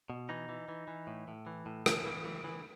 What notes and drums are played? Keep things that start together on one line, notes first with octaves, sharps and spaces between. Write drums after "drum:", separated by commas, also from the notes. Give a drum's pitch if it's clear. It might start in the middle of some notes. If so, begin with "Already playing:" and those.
B2
E3 D#4
E3
E3
E3
A2
A2
E3
A2
E3, drum: rim click
E3
E3
E3